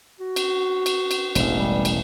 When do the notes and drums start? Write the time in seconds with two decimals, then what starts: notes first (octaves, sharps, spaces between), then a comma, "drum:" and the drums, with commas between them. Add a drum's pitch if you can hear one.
0.20 F#4
0.36 drum: cymbal
0.86 drum: cymbal
1.11 drum: cymbal
1.35 E1 A1, drum: cymbal
1.56 G3
1.85 drum: cymbal